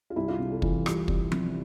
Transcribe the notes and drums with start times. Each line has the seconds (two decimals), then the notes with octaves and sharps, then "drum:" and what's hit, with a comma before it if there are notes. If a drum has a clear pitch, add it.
0.10 F4
0.16 C2 E4
0.28 F4
0.39 C3
0.52 A4
0.62 E3 F4, drum: kick
0.86 C2 F4, drum: rim click
1.08 C2, drum: kick
1.32 C3, drum: tom F3